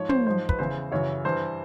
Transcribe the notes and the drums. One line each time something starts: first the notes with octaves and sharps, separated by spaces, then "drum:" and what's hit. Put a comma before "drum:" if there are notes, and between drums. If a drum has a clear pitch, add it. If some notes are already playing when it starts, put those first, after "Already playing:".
Already playing: G#2 F3 C#5
C5, drum: tom
G#2 F3 C5
B4, drum: kick
E2 C#3 E3 C5
F#2 C#3 E3 C#5
G2 E3 C5